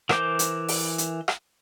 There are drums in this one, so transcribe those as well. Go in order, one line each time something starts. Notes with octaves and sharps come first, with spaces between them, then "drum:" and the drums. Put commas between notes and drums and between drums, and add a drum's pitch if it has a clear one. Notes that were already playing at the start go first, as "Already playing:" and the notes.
E3 A#4 C5 D6 G6, drum: rim click
drum: hi-hat
drum: open hi-hat
drum: hi-hat
drum: rim click